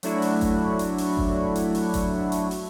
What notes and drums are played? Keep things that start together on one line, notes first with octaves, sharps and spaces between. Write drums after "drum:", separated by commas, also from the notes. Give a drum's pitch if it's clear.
F#3 A3 D4 E4 F#4 C#5, drum: hi-hat
drum: open hi-hat
drum: kick G1, hi-hat
drum: hi-hat
drum: open hi-hat
drum: kick G1
drum: hi-hat
drum: open hi-hat
drum: kick G1, hi-hat
drum: hi-hat
drum: open hi-hat